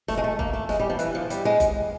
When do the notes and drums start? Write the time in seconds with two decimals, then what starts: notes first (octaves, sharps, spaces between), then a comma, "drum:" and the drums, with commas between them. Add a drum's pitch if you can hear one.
0.08 A3, drum: snare
0.17 G#3
0.24 A3
0.39 A#3, drum: kick F#1
0.53 A3
0.69 G#3, drum: snare
0.80 G3
0.89 F3
0.99 E3, drum: hi-hat
1.15 F3
1.30 G3, drum: hi-hat
1.45 G#3
1.60 drum: kick F#1, hi-hat